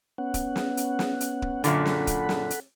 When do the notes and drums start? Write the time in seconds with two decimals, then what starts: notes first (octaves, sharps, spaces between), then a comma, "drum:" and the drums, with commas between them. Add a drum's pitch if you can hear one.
0.18 B3 C#4 F#5
0.34 drum: kick D1, hi-hat
0.56 drum: snare
0.77 drum: hi-hat
0.99 drum: snare
1.21 drum: hi-hat
1.42 drum: kick D1
1.64 F#2 A#2 D3 A4 F#5 B5, drum: hi-hat
1.85 drum: snare
2.07 drum: kick D1, hi-hat
2.29 drum: snare
2.50 drum: hi-hat